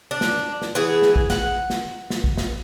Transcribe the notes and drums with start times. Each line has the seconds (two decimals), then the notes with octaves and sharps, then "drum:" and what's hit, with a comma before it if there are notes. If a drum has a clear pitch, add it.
0.11 D4
0.21 drum: snare
0.62 drum: snare
0.75 E3 B3 G#4
1.02 drum: snare
1.16 drum: kick
1.30 F#5, drum: snare
1.70 drum: snare
2.10 drum: snare
2.24 drum: kick
2.37 drum: snare